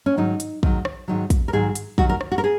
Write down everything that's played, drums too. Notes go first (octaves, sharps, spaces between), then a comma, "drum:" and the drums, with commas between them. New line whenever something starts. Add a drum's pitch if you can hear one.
C#4
G#2 D#3 F#3 D#4
drum: hi-hat
G#2 D#3 F#3, drum: kick
drum: rim click
G#2 D#3 F#3
drum: kick, hi-hat
A#4
G#2 D#3 F#3 G#4
drum: hi-hat
F#2 D#3 F#3 F#4, drum: kick
A#4
drum: rim click
F#4
A#4
G#4